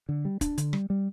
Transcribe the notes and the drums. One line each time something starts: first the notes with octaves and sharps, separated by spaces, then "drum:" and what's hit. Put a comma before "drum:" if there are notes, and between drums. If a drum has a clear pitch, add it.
D3
G3
D4, drum: kick, hi-hat
D3, drum: hi-hat
G3, drum: rim click
G3